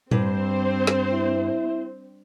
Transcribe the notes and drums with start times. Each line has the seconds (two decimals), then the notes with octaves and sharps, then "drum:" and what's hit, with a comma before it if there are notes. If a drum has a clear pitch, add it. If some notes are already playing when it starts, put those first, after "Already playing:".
0.11 G2 C4 C5, drum: tom A2
0.87 drum: snare
1.12 E4